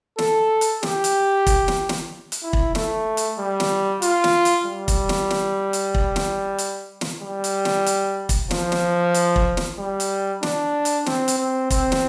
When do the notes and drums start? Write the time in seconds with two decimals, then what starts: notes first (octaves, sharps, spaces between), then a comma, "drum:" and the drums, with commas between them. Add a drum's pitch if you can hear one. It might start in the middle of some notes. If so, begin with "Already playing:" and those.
0.18 A4, drum: snare
0.61 drum: hi-hat
0.83 G4, drum: snare
1.04 drum: hi-hat
1.47 drum: kick, hi-hat
1.68 drum: snare
1.89 drum: snare
2.32 drum: hi-hat
2.43 E4
2.53 drum: kick
2.75 A3, drum: snare
3.17 drum: hi-hat
3.38 G3
3.60 drum: snare
4.02 F4, drum: hi-hat
4.24 drum: snare
4.45 drum: hi-hat
4.66 G3
4.88 drum: kick, hi-hat
5.09 drum: snare
5.30 drum: snare
5.73 drum: hi-hat
5.94 drum: kick
6.16 drum: snare
6.58 drum: hi-hat
7.01 drum: snare
7.22 G3
7.44 drum: hi-hat
7.65 drum: snare
7.86 drum: hi-hat
8.29 drum: kick, hi-hat
8.51 F3, drum: snare
8.72 drum: snare
9.14 drum: hi-hat
9.36 drum: kick
9.57 drum: snare
9.79 G3
10.00 drum: hi-hat
10.43 D4, drum: snare
10.85 drum: hi-hat
11.06 C4, drum: snare
11.28 drum: hi-hat
11.39 C4
11.70 C4, drum: kick, hi-hat
11.92 drum: snare